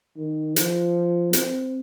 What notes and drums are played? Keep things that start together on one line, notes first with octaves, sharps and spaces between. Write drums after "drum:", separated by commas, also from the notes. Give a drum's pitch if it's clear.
D#3
F3, drum: hi-hat
C4, drum: hi-hat